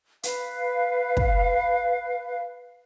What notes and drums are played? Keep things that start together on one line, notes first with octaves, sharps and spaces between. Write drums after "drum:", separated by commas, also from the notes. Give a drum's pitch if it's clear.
B4 F5, drum: hi-hat
drum: kick